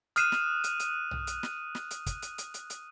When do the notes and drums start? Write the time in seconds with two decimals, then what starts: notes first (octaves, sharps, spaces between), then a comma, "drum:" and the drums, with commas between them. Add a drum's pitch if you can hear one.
0.16 D#6 F6 F#6 C7 D#7 E7, drum: hi-hat
0.32 drum: snare
0.64 drum: hi-hat
0.80 drum: hi-hat
1.11 drum: tom B1
1.27 drum: hi-hat
1.43 drum: snare
1.75 drum: snare
1.91 drum: hi-hat
2.06 drum: kick, hi-hat
2.22 drum: hi-hat
2.38 drum: hi-hat
2.54 drum: hi-hat
2.70 drum: hi-hat